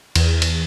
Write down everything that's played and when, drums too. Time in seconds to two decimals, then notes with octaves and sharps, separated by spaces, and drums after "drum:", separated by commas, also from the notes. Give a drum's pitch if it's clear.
0.16 E2, drum: cymbal
0.42 drum: cymbal